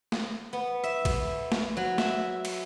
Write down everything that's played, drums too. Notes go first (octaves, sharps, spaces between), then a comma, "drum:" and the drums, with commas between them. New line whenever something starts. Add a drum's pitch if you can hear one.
drum: snare
B3
E5
drum: kick A#1, cymbal
drum: snare
F#3
E5, drum: snare
drum: cymbal